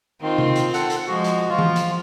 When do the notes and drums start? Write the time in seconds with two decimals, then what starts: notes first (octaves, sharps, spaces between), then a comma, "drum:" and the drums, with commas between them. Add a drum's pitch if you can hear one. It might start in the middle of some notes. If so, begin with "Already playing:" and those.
0.21 D#3 C4 F4
0.38 drum: tom C3
0.56 drum: hi-hat
0.74 A4 F#5, drum: hi-hat
0.90 drum: hi-hat
1.07 F3 G#3 F#4
1.24 drum: hi-hat
1.49 F3 F4
1.59 drum: tom E3
1.76 drum: hi-hat